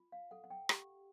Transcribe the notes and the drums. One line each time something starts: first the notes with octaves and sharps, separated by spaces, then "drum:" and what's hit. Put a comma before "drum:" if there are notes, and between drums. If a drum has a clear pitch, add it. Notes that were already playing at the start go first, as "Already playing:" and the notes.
Already playing: F4
F5
A4 F#5
F#5
G5
G4, drum: rim click